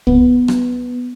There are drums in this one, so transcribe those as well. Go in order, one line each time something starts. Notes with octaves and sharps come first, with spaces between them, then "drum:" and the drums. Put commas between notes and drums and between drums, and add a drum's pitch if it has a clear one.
B3, drum: kick
drum: rim click